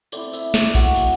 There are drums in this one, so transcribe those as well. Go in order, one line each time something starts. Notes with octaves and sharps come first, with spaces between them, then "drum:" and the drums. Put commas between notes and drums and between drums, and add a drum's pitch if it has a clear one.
A3 C4 E4 D5, drum: tambourine
E5, drum: tambourine
D5, drum: snare
F#4, drum: kick A#1, tambourine
drum: tambourine